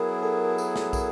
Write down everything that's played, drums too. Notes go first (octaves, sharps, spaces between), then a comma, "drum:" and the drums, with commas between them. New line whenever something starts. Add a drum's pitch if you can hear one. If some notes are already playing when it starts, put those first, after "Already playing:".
Already playing: F#3 B3 E4 G#4 A#4
A4
drum: tambourine
drum: snare
drum: kick, tambourine